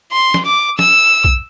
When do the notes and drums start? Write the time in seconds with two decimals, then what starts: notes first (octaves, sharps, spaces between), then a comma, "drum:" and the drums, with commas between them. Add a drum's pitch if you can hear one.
0.12 C6
0.34 drum: snare
0.46 D6
0.79 E6, drum: snare
1.25 drum: kick